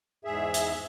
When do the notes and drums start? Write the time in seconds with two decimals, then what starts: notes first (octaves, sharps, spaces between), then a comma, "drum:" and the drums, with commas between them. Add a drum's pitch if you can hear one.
0.25 E2 G#2 G#4 E5
0.54 drum: hi-hat